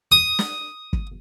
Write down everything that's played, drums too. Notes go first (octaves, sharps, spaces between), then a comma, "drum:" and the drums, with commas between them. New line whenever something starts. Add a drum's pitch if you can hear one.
D#6
drum: snare
drum: kick